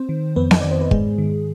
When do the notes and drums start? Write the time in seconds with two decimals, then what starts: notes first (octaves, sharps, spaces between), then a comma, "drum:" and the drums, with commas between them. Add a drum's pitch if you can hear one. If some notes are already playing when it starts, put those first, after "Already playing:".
Already playing: C4 C5
0.09 D#3
0.36 F2 B3 B4
0.51 D#5, drum: snare B3
0.61 D#3 D5
0.71 C5
0.81 B4
0.91 G#2 G#3 G#4, drum: kick
1.18 D#3